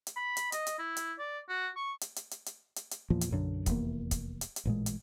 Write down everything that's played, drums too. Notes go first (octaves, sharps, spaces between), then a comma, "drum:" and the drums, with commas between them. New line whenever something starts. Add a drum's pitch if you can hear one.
drum: hi-hat
B5
drum: hi-hat
D#5, drum: hi-hat
drum: hi-hat
E4
drum: hi-hat
D5
F#4
C#6
drum: hi-hat
drum: hi-hat
drum: hi-hat
drum: hi-hat
drum: hi-hat
drum: hi-hat
E2 A#2 F3
drum: hi-hat
B1 F#2 D3
F1 E2 A#3, drum: kick, hi-hat
drum: kick, hi-hat
drum: hi-hat
drum: hi-hat
A1 A#2 G#3
drum: hi-hat